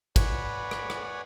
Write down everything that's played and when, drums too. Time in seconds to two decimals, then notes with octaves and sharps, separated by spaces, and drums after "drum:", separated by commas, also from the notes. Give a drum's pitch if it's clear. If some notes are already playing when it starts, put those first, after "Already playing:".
0.16 B4 C#5 D5 F#5 G#5 B5, drum: kick, cymbal
0.71 drum: rim click
0.90 drum: rim click